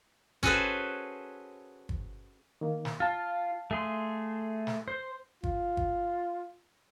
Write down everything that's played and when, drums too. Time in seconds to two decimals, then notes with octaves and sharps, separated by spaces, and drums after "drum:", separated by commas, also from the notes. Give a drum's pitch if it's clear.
0.43 C#4 F#4 G#4 A4 B4 C5, drum: kick
1.89 drum: kick
2.61 D#3 A#3
2.85 drum: snare
3.00 F4 F5 A5
3.71 A3 G#4 C6
4.67 drum: snare
4.88 C5 G6
5.43 F4, drum: kick
5.77 drum: kick